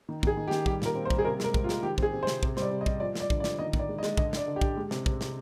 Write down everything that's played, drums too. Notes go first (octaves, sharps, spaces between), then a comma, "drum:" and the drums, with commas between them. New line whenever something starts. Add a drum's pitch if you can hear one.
D#3
D#3 G#4, drum: kick
D#3
G4
D#3, drum: snare
G3 G4, drum: kick
A#2 A#4, drum: snare
C4
C5
G3, drum: kick
G#4
C3 A#4
G#3 A#4, drum: snare
G#3, drum: kick
F4
G#3, drum: snare
D#3 G4
C4 G#4, drum: kick
C4
C5
C3, drum: snare
C3, drum: kick
G3 C5, drum: snare
D5
C3
D#5
G3, drum: kick
F3 D5
F3 D5, drum: snare
D3, drum: kick
D5
F3, drum: snare
D#3 D#5
D#3, drum: kick
D5
G#3
D#5
G#3, drum: snare
D3 D#5, drum: kick
D3 D5, drum: snare
D3
G4
D3, drum: kick
G#3
C3, drum: snare
C3, drum: kick
C3, drum: snare